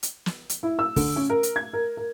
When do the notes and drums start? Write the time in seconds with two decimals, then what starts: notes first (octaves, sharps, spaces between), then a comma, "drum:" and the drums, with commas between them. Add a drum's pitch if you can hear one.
0.03 drum: hi-hat
0.26 drum: snare
0.49 drum: hi-hat
0.63 E4
0.79 E6
0.96 D3, drum: kick, open hi-hat
1.16 C#4
1.30 A#4
1.43 drum: hi-hat
1.56 G#6
1.73 A#4
1.97 A#4